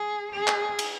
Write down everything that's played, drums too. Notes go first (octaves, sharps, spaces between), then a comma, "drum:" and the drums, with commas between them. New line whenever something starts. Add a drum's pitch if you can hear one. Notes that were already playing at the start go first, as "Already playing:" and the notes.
Already playing: G#4
G#4
drum: clap
drum: cymbal